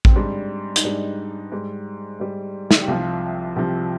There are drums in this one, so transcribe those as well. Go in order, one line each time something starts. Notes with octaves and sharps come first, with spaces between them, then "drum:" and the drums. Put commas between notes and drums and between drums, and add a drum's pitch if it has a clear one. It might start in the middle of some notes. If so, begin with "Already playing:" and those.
C4, drum: kick A1
G#2 G3 D4
D#4, drum: hi-hat
G#2 G3 D4
G#2 G3
G#2 G3
drum: snare
G4
C2 C3 F3 F4
C2 C3 F3 G4